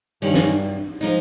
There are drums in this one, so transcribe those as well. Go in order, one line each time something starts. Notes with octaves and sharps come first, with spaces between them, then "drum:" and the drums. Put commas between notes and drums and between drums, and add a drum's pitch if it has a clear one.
G2 D#3 A#3 C#4
drum: snare
F3 G#3 D#4